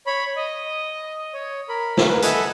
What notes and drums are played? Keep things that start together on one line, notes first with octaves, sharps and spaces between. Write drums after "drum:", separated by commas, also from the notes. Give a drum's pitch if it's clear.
C#5 B5
D#5
C#5
A#4 B5
drum: snare
A#4 B4
A4 D#5 E5 F#5 G#5 B5, drum: hi-hat